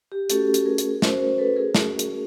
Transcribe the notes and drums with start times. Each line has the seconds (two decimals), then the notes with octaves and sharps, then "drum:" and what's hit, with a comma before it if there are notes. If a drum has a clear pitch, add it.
0.12 G4
0.30 A3 C#4 F#4 G4 A4, drum: hi-hat
0.54 drum: hi-hat
0.66 G#4 A#4
0.78 drum: hi-hat
1.02 A3 C#4 F#4 A#4 C5, drum: snare
1.20 A#4 C5
1.38 A4 B4
1.56 G#4 A#4
1.75 A3 C#4 F#4, drum: snare
1.99 drum: hi-hat